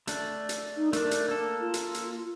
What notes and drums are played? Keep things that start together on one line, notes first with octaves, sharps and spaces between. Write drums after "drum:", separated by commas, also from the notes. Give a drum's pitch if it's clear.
A3 D4, drum: hi-hat
drum: hi-hat
D#4
A3 D4 A#4, drum: hi-hat
drum: hi-hat
A#3 A4
F4
drum: hi-hat
drum: hi-hat